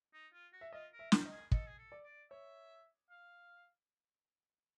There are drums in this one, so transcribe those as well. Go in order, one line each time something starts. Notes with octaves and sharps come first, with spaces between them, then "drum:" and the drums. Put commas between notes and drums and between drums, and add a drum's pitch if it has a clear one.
D#4
F4
F#4
E5
F4 D#5
A#4
E5
C5, drum: snare
D#5
G#4
A4 D#5, drum: kick
G#4
A4
D5
D5
C#5 E5
F5